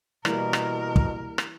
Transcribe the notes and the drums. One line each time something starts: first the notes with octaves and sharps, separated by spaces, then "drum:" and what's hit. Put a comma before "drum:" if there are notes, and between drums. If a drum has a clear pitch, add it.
B2 E3 G3 A#3 A#4 B5, drum: rim click
drum: rim click
drum: kick
drum: rim click